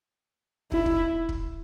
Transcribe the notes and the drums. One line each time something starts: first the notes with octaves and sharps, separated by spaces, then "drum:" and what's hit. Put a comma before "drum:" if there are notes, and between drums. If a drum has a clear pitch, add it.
E4, drum: kick
drum: kick
drum: kick